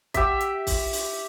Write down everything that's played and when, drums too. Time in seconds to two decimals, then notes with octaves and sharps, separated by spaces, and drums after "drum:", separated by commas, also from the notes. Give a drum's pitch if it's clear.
0.14 G4 E5, drum: kick, hi-hat
0.40 drum: hi-hat
0.67 drum: kick, open hi-hat
0.93 drum: open hi-hat